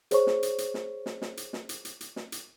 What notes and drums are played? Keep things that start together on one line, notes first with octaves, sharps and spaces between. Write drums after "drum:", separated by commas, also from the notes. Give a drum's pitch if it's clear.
G#4 C5 C#5 C#6, drum: hi-hat
drum: snare
drum: hi-hat
drum: hi-hat
drum: snare
drum: snare
drum: snare
drum: hi-hat
drum: snare
drum: hi-hat
drum: hi-hat
drum: hi-hat
drum: snare
drum: hi-hat